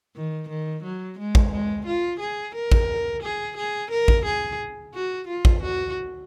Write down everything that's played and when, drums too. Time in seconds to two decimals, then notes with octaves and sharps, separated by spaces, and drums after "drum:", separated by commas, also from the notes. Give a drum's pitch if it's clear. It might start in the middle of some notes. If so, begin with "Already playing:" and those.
0.16 D#3
0.49 D#3
0.83 F#3
1.18 G#3
1.35 drum: kick
1.52 G#3
1.86 F4
2.20 G#4
2.55 A#4
2.72 drum: kick
3.22 G#4
3.57 G#4
3.91 A#4
4.08 drum: kick
4.25 G#4
4.94 F#4
5.28 F4
5.45 drum: kick
5.62 F#4